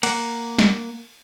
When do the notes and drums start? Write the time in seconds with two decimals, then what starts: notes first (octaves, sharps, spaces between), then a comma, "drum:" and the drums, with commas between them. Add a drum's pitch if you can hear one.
0.03 A#3 F#5, drum: cymbal
0.59 drum: snare